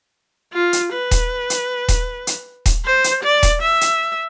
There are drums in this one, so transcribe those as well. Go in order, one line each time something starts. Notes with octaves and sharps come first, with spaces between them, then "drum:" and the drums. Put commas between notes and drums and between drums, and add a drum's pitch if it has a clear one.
F4
drum: hi-hat
B4
drum: kick D#1, hi-hat
drum: hi-hat
drum: kick D#1, hi-hat
drum: hi-hat
drum: kick D#1, hi-hat
C5
drum: hi-hat
D5
drum: kick D#1, hi-hat
E5
drum: hi-hat